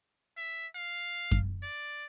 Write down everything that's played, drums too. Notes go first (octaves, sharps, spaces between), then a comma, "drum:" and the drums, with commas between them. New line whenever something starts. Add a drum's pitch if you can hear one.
E5
F5
drum: kick F#2
D5